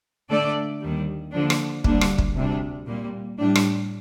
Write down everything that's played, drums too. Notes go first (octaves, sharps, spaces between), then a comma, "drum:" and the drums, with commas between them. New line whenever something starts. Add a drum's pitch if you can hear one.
D3 A3 D4 A4 D5
D#2 D#3 G3
D3 F3 A#3 D4
drum: rim click
D2 D3 G3 A#3 D4, drum: kick
drum: rim click
drum: kick
D2 C3 G3 D4
A#2 G3 A#3
A2 G3 D4
drum: rim click